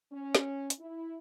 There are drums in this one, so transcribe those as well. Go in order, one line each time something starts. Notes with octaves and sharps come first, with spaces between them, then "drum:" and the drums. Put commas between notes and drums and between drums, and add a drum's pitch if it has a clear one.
C#4
drum: snare
drum: hi-hat
E4